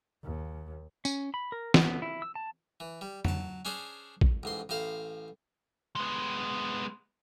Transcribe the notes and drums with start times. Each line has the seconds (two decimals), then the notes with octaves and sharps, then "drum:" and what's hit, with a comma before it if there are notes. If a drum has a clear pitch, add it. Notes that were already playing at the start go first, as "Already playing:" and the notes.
0.23 D#2
1.05 C#4, drum: tambourine
1.34 B5
1.52 A#4
1.74 B3, drum: snare
2.02 E4
2.22 E6
2.35 A5
2.80 E3
3.01 G3
3.25 F#3 A5, drum: tom
3.65 C#4 D4 G#4 C5 D5
4.21 drum: kick
4.43 A1 G#2 C6
4.69 A1 A2 C5 F5
5.96 G#3 B3